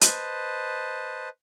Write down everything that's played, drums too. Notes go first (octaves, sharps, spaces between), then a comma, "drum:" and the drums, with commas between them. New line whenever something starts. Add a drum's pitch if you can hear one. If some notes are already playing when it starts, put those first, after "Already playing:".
B4 C5 D#5 A5, drum: hi-hat